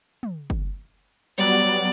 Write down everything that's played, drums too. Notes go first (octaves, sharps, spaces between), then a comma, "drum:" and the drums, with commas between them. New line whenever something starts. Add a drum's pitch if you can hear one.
drum: tom
drum: kick
F#3 G3 B3 D5